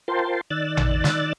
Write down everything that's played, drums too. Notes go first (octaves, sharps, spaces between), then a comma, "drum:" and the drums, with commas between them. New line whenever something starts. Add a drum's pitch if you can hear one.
F4 A#4 C5 G5 A5 C6
D#3 D5 E6 F#6 A6
drum: tom A1
drum: snare